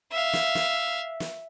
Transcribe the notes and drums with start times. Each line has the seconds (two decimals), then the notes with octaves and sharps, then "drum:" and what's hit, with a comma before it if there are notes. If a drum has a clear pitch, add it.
0.12 E5 F5
0.33 drum: snare
0.55 drum: snare
1.20 drum: snare